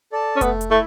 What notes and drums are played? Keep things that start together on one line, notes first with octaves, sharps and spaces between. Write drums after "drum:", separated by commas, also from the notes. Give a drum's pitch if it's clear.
A4 D5 A5
C#4
A3 B3, drum: kick F1, hi-hat
drum: hi-hat
A3 E4